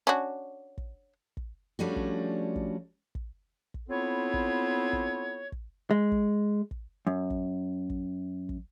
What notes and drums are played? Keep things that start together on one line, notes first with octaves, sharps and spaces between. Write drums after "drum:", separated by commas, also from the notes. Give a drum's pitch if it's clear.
C#4 D4 F#4
drum: kick
drum: kick
F3 G3 A3 C#4 D4 F#4
drum: kick
drum: kick
drum: kick
drum: kick
B3 C4 E4 F4 A4 C#5
drum: kick
drum: kick
drum: kick
G#3
drum: kick
drum: kick
F#2
drum: kick
drum: kick
drum: kick